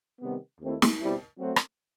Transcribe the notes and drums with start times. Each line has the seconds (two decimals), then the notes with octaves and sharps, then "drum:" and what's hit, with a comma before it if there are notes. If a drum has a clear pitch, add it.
0.21 C3 D#3 G3 B3
0.61 D#2 D#3 A3 C4 E4
0.82 drum: snare
1.00 B2 G3 C4 E4
1.39 F#3 A3 C4 F#4 C5
1.56 drum: rim click